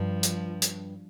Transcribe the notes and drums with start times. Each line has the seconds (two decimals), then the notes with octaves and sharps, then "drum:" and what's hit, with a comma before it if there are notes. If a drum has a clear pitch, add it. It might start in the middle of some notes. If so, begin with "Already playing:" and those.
Already playing: G2 F3
0.23 drum: hi-hat
0.62 drum: hi-hat